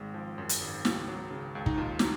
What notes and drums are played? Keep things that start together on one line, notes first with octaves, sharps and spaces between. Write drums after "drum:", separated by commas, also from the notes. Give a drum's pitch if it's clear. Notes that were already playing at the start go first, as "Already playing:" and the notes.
Already playing: G#1 G#3
F3
F#2
drum: hi-hat
G#1
C#2, drum: snare
F#3
C#3
C#2
D#4, drum: kick
D#2 F4
F#3 D#4, drum: snare